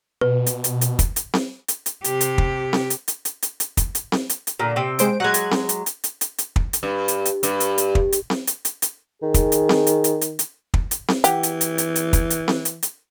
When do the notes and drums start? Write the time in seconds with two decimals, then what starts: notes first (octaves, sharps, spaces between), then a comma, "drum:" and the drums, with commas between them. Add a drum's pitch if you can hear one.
0.21 B2 B4
0.46 drum: hi-hat
0.64 drum: hi-hat
0.81 drum: hi-hat
0.99 drum: kick, hi-hat
1.16 drum: hi-hat
1.34 drum: snare C4
1.68 drum: hi-hat
1.86 drum: hi-hat
2.04 C3 G4, drum: hi-hat
2.21 drum: hi-hat
2.38 drum: kick
2.73 drum: snare C4
2.90 drum: hi-hat
3.08 drum: hi-hat
3.25 drum: hi-hat
3.42 drum: hi-hat
3.60 drum: hi-hat
3.77 drum: kick, hi-hat
3.95 drum: hi-hat
4.12 drum: snare C4
4.29 drum: hi-hat
4.47 drum: hi-hat
4.60 A#2 D3
4.76 C3 C4 G5
4.99 G#3 C5 D7, drum: hi-hat
5.20 F#3 G#3 F#5 F#6 G#6
5.34 drum: hi-hat
5.51 drum: snare C4
5.69 drum: hi-hat
5.86 drum: hi-hat
6.04 drum: hi-hat
6.21 drum: hi-hat
6.38 drum: hi-hat
6.56 drum: kick
6.73 drum: hi-hat
6.83 G2
7.08 drum: hi-hat
7.25 drum: hi-hat
7.43 G2, drum: hi-hat
7.60 drum: hi-hat
7.78 drum: hi-hat
7.95 drum: kick
8.12 drum: hi-hat
8.30 drum: snare C4
8.47 drum: hi-hat
8.65 drum: hi-hat
8.82 drum: hi-hat
9.22 D#3 G#4
9.34 drum: kick, hi-hat
9.52 drum: hi-hat
9.69 drum: snare C4
9.87 drum: hi-hat
10.04 drum: hi-hat
10.21 drum: hi-hat
10.39 drum: hi-hat
10.74 drum: kick
10.91 drum: hi-hat
11.08 drum: snare C4
11.24 E3 G4 F#5, drum: hi-hat
11.43 drum: hi-hat
11.61 drum: hi-hat
11.78 drum: hi-hat
11.95 drum: hi-hat
12.13 drum: kick, hi-hat
12.30 drum: hi-hat
12.48 drum: snare C4
12.65 drum: hi-hat
12.83 drum: hi-hat